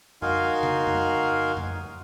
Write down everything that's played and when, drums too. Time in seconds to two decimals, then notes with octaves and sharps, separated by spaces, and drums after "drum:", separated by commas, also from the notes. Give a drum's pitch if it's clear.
0.22 D#4 F#4 A#4 F5 G#5 C6, drum: tom F2
0.63 drum: tom C#3
0.87 drum: tom F2
1.57 drum: tom F2